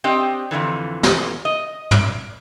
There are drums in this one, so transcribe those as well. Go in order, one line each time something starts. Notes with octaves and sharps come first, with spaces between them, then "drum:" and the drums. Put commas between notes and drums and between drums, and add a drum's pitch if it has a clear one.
C4 D4 G4 D#5
F2 A#2 D3 E3
drum: snare
D#5
drum: tom